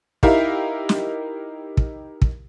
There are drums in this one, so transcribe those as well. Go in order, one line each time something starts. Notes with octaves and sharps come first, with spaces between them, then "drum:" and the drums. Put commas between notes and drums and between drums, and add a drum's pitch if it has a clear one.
D#4 E4 G4 A#4 E5 F5, drum: kick
drum: snare
drum: kick
drum: kick